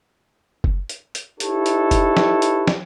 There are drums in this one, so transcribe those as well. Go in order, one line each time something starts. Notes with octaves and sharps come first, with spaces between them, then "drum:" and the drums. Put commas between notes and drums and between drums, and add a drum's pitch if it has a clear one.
drum: kick F#1
drum: hi-hat
drum: hi-hat
D#4 E4 G4 A4 B4 C#5, drum: hi-hat
drum: hi-hat
drum: kick F#1, hi-hat
drum: snare
drum: hi-hat
drum: snare